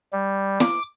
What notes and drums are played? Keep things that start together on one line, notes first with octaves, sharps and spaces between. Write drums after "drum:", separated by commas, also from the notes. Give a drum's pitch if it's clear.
G3
D6, drum: snare